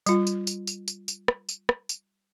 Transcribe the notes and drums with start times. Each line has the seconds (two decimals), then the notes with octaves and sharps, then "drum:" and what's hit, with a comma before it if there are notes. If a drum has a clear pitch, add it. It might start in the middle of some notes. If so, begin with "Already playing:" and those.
0.06 G3 F4, drum: tambourine
0.27 drum: tambourine
0.47 drum: tambourine
0.67 drum: tambourine
0.88 drum: tambourine
1.08 drum: tambourine
1.28 drum: rim click
1.49 drum: tambourine
1.69 drum: rim click
1.89 drum: tambourine